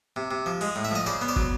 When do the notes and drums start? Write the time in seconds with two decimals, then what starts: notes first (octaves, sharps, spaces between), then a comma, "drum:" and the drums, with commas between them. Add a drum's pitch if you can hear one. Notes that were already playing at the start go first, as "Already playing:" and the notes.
0.16 C3
0.31 C3
0.46 F3
0.61 G#3, drum: cymbal
0.76 A2
0.84 E5
0.91 F3 D#5
1.06 C#3 C5 D5
1.21 B3
1.28 C5 D5
1.36 F#3, drum: kick